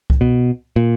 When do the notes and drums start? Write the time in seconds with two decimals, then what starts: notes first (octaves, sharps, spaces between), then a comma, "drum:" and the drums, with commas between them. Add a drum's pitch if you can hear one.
0.10 drum: kick C2
0.21 B2
0.76 A#2